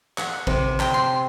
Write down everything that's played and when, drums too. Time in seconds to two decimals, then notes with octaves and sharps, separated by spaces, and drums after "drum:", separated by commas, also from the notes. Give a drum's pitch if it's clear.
0.18 F#5, drum: clap
0.47 C3, drum: kick
0.80 G5, drum: clap
0.94 C6